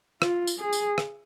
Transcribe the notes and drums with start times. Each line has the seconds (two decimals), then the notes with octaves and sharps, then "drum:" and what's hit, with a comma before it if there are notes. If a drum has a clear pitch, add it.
0.22 F4, drum: rim click
0.47 drum: tambourine
0.59 G#4
0.73 drum: tambourine
0.98 drum: rim click